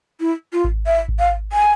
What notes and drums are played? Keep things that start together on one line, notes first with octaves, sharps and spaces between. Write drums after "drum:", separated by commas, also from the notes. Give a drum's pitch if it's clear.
E4
F4
drum: kick G#1
E5
drum: kick G#1
F5
G#5